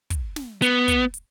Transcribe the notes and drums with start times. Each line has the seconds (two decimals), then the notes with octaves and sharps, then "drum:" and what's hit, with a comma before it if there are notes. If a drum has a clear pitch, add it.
0.10 drum: kick, hi-hat
0.36 drum: snare
0.62 B3, drum: hi-hat
0.88 drum: kick, hi-hat
1.14 drum: hi-hat